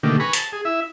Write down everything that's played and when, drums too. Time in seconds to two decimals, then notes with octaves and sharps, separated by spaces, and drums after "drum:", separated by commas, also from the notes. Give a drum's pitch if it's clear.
0.03 B2 D3 D#3 A3 A#3 G4
0.20 B4 G#5 A#5 B5 C#6
0.33 A5, drum: hi-hat
0.52 G#4
0.65 E4 E5